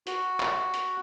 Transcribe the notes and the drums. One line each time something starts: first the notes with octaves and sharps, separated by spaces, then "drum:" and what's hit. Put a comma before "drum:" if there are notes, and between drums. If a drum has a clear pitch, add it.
F#4, drum: hi-hat
drum: clap
drum: hi-hat